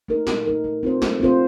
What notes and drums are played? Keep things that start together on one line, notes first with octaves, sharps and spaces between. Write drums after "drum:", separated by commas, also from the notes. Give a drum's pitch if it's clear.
A3 D#4 A#4
A#2, drum: snare
A3 D#4 A#4
A3
C4 F4 C5
A3, drum: snare
C4 F4 C5